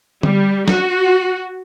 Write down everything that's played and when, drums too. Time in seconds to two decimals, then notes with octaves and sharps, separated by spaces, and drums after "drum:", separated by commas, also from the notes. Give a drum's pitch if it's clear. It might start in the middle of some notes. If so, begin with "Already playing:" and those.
0.23 G3, drum: tom D3
0.68 F#4, drum: snare